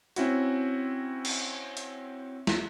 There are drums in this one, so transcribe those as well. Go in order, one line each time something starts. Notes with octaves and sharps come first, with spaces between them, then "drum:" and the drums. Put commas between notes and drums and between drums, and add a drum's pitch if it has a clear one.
C4 C#4 E4 F#4, drum: hi-hat
drum: cymbal
drum: hi-hat
drum: snare